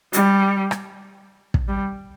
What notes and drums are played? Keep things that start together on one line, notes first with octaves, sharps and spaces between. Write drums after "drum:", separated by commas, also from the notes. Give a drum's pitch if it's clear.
G3, drum: hi-hat
drum: rim click
drum: kick
G3